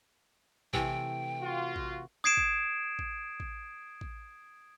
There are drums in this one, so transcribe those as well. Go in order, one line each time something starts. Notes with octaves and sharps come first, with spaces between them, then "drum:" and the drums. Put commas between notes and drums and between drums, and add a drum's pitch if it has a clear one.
C3 E3 A3 G5, drum: kick A1
F4 F#4
drum: kick A1
D#6 G#6 C7 D7 E7
drum: kick A1
drum: kick A1
drum: kick A1
drum: kick A1